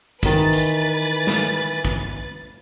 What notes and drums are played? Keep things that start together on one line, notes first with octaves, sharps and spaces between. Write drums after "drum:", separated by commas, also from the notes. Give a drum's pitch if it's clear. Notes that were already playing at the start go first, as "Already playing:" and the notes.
D#3 E3 B4 D#5 A6, drum: kick
drum: hi-hat
drum: snare
drum: kick